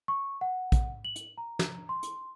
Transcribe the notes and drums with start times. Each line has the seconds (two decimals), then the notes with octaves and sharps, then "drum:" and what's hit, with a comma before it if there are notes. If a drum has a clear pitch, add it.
0.08 C#6
0.41 F#5
0.72 drum: kick, hi-hat
1.05 F#7
1.16 drum: hi-hat
1.38 A#5
1.59 drum: snare
1.89 C6
2.03 drum: hi-hat